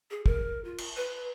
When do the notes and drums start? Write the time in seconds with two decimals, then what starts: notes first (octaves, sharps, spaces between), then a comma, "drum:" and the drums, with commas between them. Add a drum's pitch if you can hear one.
0.11 G#4
0.26 A#4, drum: kick
0.65 F4
0.78 drum: cymbal
0.97 B4